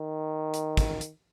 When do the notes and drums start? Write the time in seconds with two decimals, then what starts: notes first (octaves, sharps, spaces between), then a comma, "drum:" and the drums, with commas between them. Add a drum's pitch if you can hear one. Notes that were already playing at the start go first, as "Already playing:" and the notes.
Already playing: D#3
0.54 drum: hi-hat
0.77 drum: kick, hi-hat
1.01 drum: hi-hat